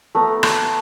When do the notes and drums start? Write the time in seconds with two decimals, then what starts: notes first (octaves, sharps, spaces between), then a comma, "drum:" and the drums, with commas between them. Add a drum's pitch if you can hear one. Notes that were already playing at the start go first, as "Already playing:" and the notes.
0.15 A3 B3 A#5
0.43 drum: rim click